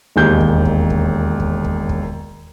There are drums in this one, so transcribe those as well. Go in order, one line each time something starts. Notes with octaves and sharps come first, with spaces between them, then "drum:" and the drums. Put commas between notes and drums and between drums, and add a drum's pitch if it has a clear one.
E1 D#2 G6
drum: kick
drum: kick
drum: kick
drum: kick
drum: kick
drum: kick